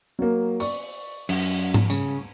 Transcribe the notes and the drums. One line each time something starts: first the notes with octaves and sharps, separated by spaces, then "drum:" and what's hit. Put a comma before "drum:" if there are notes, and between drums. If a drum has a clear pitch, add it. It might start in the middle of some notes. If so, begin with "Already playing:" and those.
F#3 A#3
D5 C#6, drum: open hi-hat
F#2, drum: cymbal
drum: hi-hat
drum: tom G#2
C#3, drum: tambourine